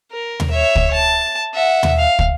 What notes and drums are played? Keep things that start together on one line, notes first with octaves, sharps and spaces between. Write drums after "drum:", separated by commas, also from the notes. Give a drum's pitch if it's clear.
A#4
drum: tom D#2
C#5 E5
drum: kick
A5
E5 F#5
drum: tom D#2
F5
drum: kick